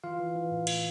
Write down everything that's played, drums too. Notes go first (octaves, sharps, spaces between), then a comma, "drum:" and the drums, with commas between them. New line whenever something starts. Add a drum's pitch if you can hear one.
E3 F4 F5
E3
E3
A2
A2, drum: cymbal